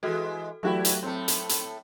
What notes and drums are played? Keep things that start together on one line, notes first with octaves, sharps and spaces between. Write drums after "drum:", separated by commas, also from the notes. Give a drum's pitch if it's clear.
E3 G#3 F#4 A4
E2 F#3 A3 E4 F#4 G4
drum: hi-hat
A2 A3 C4
drum: hi-hat
drum: hi-hat